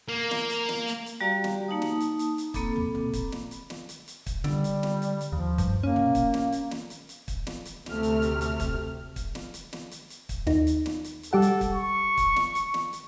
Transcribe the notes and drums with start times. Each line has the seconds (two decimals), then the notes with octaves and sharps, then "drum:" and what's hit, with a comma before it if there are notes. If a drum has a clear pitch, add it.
0.09 A#3
0.31 drum: snare
0.50 drum: hi-hat
0.69 drum: snare
0.87 drum: hi-hat
1.06 drum: hi-hat
1.21 G3 F#4 G4 D5 F5 A#5
1.44 drum: snare
1.68 A#3 D#4 A5 D#6
1.82 drum: snare
2.00 drum: hi-hat
2.19 drum: hi-hat
2.38 drum: hi-hat
2.54 A#3 C4 A4 B5 D6, drum: kick, hi-hat
2.76 drum: tom
2.95 drum: tom
3.13 drum: kick, hi-hat
3.32 drum: snare
3.51 drum: hi-hat
3.70 drum: snare
3.89 drum: hi-hat
4.08 drum: hi-hat
4.26 drum: kick, hi-hat
4.44 D3 G3, drum: snare
4.64 drum: hi-hat
4.83 drum: snare
5.02 drum: hi-hat
5.21 drum: hi-hat
5.32 D#2 F3
5.58 G2, drum: kick, hi-hat
5.83 A#3 C#4
5.96 drum: tom
6.15 drum: kick, hi-hat
6.34 drum: snare
6.52 drum: hi-hat
6.71 drum: snare
6.90 drum: hi-hat
7.09 drum: hi-hat
7.28 drum: kick, hi-hat
7.47 drum: snare
7.65 drum: hi-hat
7.86 D2 C3 A3 F6, drum: snare
8.03 drum: hi-hat
8.22 drum: hi-hat
8.41 drum: hi-hat
8.60 drum: kick, hi-hat
9.16 drum: kick, hi-hat
9.35 drum: snare
9.54 drum: hi-hat
9.73 drum: snare
9.91 drum: hi-hat
10.10 drum: hi-hat
10.29 drum: kick, hi-hat
10.47 D#2 D#4, drum: snare
10.67 drum: hi-hat
10.86 drum: snare
11.04 drum: hi-hat
11.23 drum: hi-hat
11.33 G3 G4 A4 F#5
11.42 drum: hi-hat
11.61 drum: kick, hi-hat
11.73 C#6
12.17 drum: kick, hi-hat
12.36 drum: snare
12.55 drum: hi-hat
12.74 drum: snare
12.93 drum: hi-hat